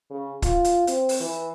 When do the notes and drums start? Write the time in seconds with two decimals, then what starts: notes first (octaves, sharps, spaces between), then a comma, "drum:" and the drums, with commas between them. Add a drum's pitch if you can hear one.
0.10 C#3
0.42 F4, drum: kick, hi-hat
0.64 drum: hi-hat
0.87 C4, drum: hi-hat
1.09 drum: open hi-hat
1.20 E3